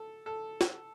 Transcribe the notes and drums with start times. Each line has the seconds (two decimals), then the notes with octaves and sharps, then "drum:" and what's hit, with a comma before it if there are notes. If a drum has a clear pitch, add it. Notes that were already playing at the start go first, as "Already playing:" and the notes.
Already playing: A4
0.26 A4
0.61 drum: snare